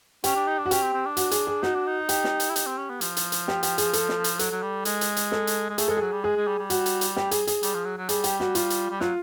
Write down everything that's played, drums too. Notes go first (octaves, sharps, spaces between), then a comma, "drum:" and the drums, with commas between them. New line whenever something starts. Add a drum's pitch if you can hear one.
C#4 G4, drum: hi-hat
D4
D#4
D4
F#4
C#4 G4, drum: hi-hat
C4
C4
D4
F#4, drum: hi-hat
G#4, drum: hi-hat
G#4
D#4 F#4, drum: snare
D4
D#4
G4, drum: hi-hat
drum: snare
drum: hi-hat
E4
D#4, drum: hi-hat
C4
C#4
B3
F3, drum: hi-hat
drum: hi-hat
drum: hi-hat
G4, drum: snare
G4, drum: hi-hat
G#4, drum: hi-hat
A4, drum: hi-hat
drum: snare
drum: hi-hat
F#3 A4, drum: hi-hat
F#3
G3
G#3, drum: hi-hat
drum: hi-hat
drum: hi-hat
A4, drum: snare
drum: hi-hat
G#3
A3 G#4, drum: hi-hat
G#3 A4
F#3 G#4
G3
G#3 G#4
G#3
G3
G3
F#4, drum: hi-hat
drum: hi-hat
drum: hi-hat
G4, drum: snare
G#4, drum: hi-hat
G#4, drum: hi-hat
G3, drum: hi-hat
F3
F#3
F#3
G3 G#4, drum: hi-hat
G4, drum: hi-hat
F#4, drum: snare
F4, drum: hi-hat
drum: hi-hat
G3
F#3 F4, drum: snare